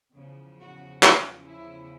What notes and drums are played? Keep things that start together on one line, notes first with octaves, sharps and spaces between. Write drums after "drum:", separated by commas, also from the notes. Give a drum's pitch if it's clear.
E2 C#3 F3
F#4
F4, drum: clap
E4